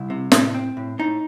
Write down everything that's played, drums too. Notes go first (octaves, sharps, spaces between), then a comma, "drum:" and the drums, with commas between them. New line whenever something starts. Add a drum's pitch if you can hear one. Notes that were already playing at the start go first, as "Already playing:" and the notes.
Already playing: C2 E4
C3
A2, drum: snare
C4
A2
A2 D#4